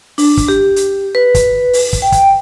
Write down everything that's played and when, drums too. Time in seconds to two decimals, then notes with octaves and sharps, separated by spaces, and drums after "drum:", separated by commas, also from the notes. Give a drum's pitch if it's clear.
0.18 D4, drum: open hi-hat
0.37 drum: kick, hi-hat
0.48 G4
0.76 drum: hi-hat
1.15 B4
1.35 drum: kick, hi-hat
1.73 drum: open hi-hat
1.93 drum: kick, hi-hat
2.02 G5
2.12 drum: kick, hi-hat